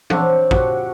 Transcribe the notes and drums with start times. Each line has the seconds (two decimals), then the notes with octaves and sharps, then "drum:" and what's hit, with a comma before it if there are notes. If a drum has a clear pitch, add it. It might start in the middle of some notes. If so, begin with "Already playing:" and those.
0.10 C4 D4 C#5 F#5, drum: tom
0.51 F3 F#4 G4 F#5, drum: kick